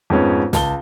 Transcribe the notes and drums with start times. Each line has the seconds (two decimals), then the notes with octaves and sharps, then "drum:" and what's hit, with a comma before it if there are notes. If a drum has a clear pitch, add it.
0.10 F2 G#2 G#3 B3 C#4
0.53 C#2 A5 G7, drum: snare